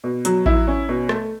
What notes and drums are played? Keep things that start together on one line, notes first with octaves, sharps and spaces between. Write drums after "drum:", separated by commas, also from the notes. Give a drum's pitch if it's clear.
B2
F#3, drum: hi-hat
E4, drum: kick A1
C#4
B2
A3, drum: rim click